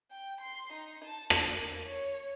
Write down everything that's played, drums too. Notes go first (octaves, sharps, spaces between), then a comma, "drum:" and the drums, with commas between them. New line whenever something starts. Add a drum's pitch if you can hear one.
G5
C6
D#4
A5
drum: rim click
A#3
C#5